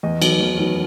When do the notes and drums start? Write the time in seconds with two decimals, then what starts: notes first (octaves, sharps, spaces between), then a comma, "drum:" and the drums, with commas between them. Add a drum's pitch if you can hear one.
0.03 E2 D#5
0.22 D#3 F#3 B3, drum: cymbal
0.40 E2
0.58 D#3 F#3 B3